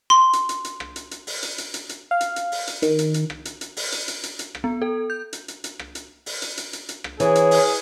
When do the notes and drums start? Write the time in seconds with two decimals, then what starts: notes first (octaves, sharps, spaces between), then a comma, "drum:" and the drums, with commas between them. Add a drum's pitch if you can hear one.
0.10 C6
0.33 drum: hi-hat
0.49 drum: hi-hat
0.65 drum: hi-hat
0.80 drum: rim click
0.96 drum: hi-hat
1.11 drum: hi-hat
1.27 drum: open hi-hat
1.43 drum: hi-hat
1.58 drum: hi-hat
1.74 drum: hi-hat
1.89 drum: hi-hat
2.11 F5
2.21 drum: hi-hat
2.36 drum: hi-hat
2.52 drum: open hi-hat
2.67 drum: hi-hat
2.82 D#3, drum: hi-hat
2.99 drum: hi-hat
3.14 drum: hi-hat
3.30 drum: rim click
3.45 drum: hi-hat
3.61 drum: hi-hat
3.77 drum: open hi-hat
3.92 drum: hi-hat
4.08 drum: hi-hat
4.23 drum: hi-hat
4.39 drum: hi-hat
4.55 drum: rim click
4.64 B3
4.82 A4
5.10 G6
5.33 drum: hi-hat
5.48 drum: hi-hat
5.64 drum: hi-hat
5.79 drum: rim click
5.95 drum: hi-hat
6.26 drum: open hi-hat
6.42 drum: hi-hat
6.57 drum: hi-hat
6.73 drum: hi-hat
6.89 drum: hi-hat
7.04 drum: rim click
7.20 E3 G#4 C#5, drum: hi-hat
7.35 drum: hi-hat
7.51 drum: open hi-hat